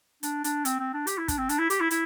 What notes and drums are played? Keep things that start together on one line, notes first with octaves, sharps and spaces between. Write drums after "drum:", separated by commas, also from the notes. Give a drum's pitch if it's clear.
D4, drum: hi-hat
D4, drum: hi-hat
C4, drum: hi-hat
C4
D4
G4, drum: hi-hat
E4
D4, drum: kick, hi-hat
C4
D4, drum: hi-hat
E4
G4, drum: hi-hat
E4
E4, drum: hi-hat